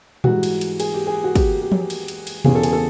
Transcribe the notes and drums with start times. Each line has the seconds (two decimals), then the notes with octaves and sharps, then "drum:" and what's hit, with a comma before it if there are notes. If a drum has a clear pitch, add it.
0.24 G#2 E3 G3 F#4, drum: tom A#2
0.43 drum: cymbal
0.61 drum: cymbal
0.80 G#4, drum: cymbal
0.94 G4
1.07 G#4
1.24 F#4
1.35 G4, drum: kick, cymbal
1.62 G4
1.72 drum: tom F3
1.90 drum: cymbal
2.08 drum: cymbal
2.27 drum: cymbal
2.45 E2 C#3 E3 G3 G#4, drum: tom B2
2.55 A4
2.63 G#4, drum: cymbal
2.73 A4